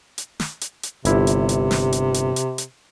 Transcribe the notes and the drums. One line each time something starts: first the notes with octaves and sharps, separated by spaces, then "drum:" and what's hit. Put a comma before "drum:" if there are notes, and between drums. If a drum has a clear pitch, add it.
drum: hi-hat
drum: snare
drum: hi-hat
drum: hi-hat
G1 C3 E4, drum: hi-hat
drum: hi-hat
drum: hi-hat
drum: snare
drum: hi-hat
drum: hi-hat
drum: hi-hat
drum: hi-hat